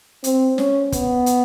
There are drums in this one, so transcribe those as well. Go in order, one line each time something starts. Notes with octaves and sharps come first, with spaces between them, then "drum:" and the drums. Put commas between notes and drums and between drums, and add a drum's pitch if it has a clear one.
C4, drum: hi-hat
C#4, drum: snare
B3, drum: kick, hi-hat
drum: hi-hat